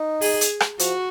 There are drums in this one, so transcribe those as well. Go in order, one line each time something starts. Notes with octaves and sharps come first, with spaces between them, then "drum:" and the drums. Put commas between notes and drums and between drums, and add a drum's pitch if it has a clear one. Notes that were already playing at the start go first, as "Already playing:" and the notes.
Already playing: D#4
G#4, drum: open hi-hat
drum: hi-hat
drum: rim click
F3 F#4, drum: hi-hat